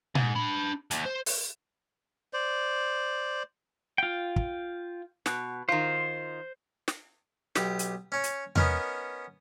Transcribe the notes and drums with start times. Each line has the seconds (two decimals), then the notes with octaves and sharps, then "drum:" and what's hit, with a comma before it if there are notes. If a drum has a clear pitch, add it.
0.15 G#2, drum: tom A#2
0.36 D4 B5
0.91 D#2, drum: hi-hat
1.05 C5
1.26 drum: open hi-hat
2.33 C5 D5
3.98 F4 G5
4.36 drum: kick
5.26 B2, drum: snare
5.69 D#3 F4 C5
6.88 drum: snare
7.56 B1 G4, drum: snare
7.79 drum: hi-hat
8.12 C#4 C#5
8.24 drum: hi-hat
8.56 B3 C#4 D#4 A#4, drum: tom E2